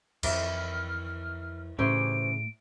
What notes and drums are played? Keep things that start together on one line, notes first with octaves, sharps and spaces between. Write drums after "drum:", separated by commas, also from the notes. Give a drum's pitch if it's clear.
F2 D#3 E3 E4 F6, drum: cymbal
A2 C#3 E3 C#4 G4 C5 D7